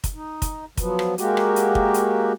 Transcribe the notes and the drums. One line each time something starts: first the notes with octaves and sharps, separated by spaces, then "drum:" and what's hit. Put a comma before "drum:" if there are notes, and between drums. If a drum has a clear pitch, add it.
drum: kick, hi-hat
D#4
drum: kick, hi-hat
F3 F#3 B3, drum: kick, hi-hat
drum: rim click
G#3 A#3 F#4 G4, drum: hi-hat
drum: rim click
drum: hi-hat
drum: kick
drum: hi-hat